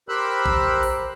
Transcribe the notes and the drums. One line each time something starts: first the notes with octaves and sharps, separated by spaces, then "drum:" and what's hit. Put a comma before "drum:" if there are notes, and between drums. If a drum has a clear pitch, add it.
G4 A#4 C5 B5 E6 F#6
drum: kick
drum: open hi-hat